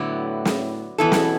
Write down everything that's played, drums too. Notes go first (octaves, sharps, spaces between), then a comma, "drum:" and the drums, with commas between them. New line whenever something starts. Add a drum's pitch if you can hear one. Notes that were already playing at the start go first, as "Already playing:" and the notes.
Already playing: A2 D3 F#3 B3 E4
drum: snare
B2 E3 B3 E4 A4
drum: snare